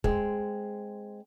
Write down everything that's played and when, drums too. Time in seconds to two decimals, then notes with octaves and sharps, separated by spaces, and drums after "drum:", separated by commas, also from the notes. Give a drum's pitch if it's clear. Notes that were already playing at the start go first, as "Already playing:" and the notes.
0.04 G#3 C4, drum: kick